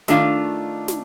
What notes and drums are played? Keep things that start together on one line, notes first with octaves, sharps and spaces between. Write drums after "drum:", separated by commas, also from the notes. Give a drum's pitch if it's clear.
D#3 A3 D4 F4, drum: snare
drum: snare